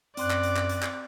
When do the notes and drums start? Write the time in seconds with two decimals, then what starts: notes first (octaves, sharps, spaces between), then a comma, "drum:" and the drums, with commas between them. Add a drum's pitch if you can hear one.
0.17 F#2 C4 D5 C6 F#6, drum: hi-hat
0.30 drum: clap
0.43 drum: hi-hat
0.56 drum: clap
0.69 drum: hi-hat
0.82 drum: clap